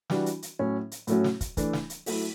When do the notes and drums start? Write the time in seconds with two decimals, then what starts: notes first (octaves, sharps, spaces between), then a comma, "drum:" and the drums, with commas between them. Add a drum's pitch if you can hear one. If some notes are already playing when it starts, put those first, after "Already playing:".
0.10 E3 G3 D4 F#4, drum: snare
0.26 drum: hi-hat
0.42 drum: hi-hat
0.59 A2 F#3 C#4
0.92 drum: hi-hat
1.07 A2 F#3 A3 C#4 F#4, drum: hi-hat
1.24 drum: snare
1.41 drum: kick, hi-hat
1.57 E3 A3 D4, drum: kick, hi-hat
1.73 drum: snare
1.90 drum: hi-hat
2.06 F#3 A3 E4, drum: open hi-hat